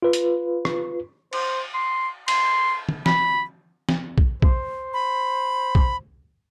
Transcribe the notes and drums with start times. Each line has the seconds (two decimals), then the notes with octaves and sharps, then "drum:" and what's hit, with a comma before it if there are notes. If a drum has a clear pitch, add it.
0.02 F4 B4
0.13 drum: hi-hat
0.65 drum: rim click
1.33 C5, drum: cymbal
1.74 C6
2.28 C6, drum: cymbal
2.89 drum: tom
3.06 B5, drum: snare
3.89 drum: snare
4.18 drum: kick
4.42 C5, drum: kick
4.94 B5
5.75 drum: kick